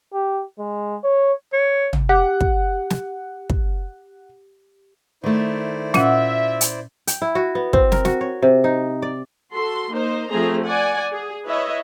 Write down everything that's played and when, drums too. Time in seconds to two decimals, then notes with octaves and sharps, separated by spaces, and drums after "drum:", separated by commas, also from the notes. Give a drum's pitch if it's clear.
0.14 G4
0.59 G#3
1.04 C#5
1.53 C#5
1.93 drum: tom
2.09 G4 F#5
2.41 drum: kick
2.90 drum: snare
3.50 drum: kick
5.24 D#3 A3 E4 C5 D5
5.94 A#2 C#4 F4 E5 F#5, drum: snare
6.61 drum: hi-hat
7.07 G5, drum: hi-hat
7.22 E4
7.35 F#4
7.55 B3
7.73 C4, drum: kick
7.92 A#4, drum: snare
8.05 F#4, drum: snare
8.21 C#5
8.42 C3
8.64 D#4
9.02 D5
9.53 F#4 A4 C6
9.92 A#3 D#4 C5
10.30 F3 A3 C4 G#4 C5 A#5
10.64 D5 F#5 G#5
11.12 G#4
11.46 E4 B4 C#5 D#5 E5